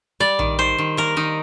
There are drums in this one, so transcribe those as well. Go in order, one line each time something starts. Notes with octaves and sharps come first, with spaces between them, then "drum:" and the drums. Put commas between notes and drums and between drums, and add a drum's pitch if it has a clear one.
G3 D5
D#3, drum: tom A#1
D#3 C5
D#3
A#3 A#4
D#3 D#4